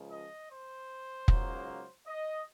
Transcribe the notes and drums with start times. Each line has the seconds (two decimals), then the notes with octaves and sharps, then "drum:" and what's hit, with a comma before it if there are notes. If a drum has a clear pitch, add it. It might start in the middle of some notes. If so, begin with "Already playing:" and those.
Already playing: C#2 C#3 F3
0.11 D#5
0.50 C5
1.28 C#2 C#3 F#3 A#3 D#4, drum: kick
2.07 D#5